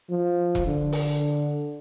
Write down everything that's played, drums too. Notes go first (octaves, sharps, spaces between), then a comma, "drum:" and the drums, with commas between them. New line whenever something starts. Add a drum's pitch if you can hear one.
F3
drum: kick E1
D3
drum: open hi-hat